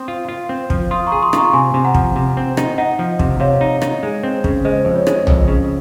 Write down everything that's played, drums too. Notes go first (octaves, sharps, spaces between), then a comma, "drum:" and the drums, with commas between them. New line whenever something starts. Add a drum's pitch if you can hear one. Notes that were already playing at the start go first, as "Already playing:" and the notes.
Already playing: C4 C6 D#6
F4
F4
C4
F3, drum: kick
F4 C6 D#6
A#5 C#6
G#4
C6 D#6
F4 A#5 C#6, drum: rim click
C3 G#5 C6
C3
F#5 A#5
F3, drum: kick
C3
C4
D#4, drum: rim click
D#4 D#5 F#5
F3
C3, drum: kick
C3 C#5 F5
D#4
D#4, drum: rim click
G#3
C4
C#3, drum: kick
G#3 C5 D#5
F2
C#5
G#3, drum: rim click
F2, drum: tom A#1
C#3